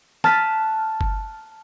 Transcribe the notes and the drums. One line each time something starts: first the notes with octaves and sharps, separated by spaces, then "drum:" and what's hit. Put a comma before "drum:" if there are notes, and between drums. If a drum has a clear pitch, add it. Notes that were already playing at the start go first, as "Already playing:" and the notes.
A5 F6 F#6 A6 B6 D#7, drum: snare
drum: kick G1